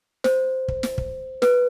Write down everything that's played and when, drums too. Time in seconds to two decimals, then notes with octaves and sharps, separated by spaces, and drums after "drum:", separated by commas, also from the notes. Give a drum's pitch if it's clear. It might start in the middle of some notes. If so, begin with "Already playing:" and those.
0.24 C5, drum: snare
0.68 drum: kick
0.83 drum: snare
0.98 drum: kick
1.42 B4, drum: snare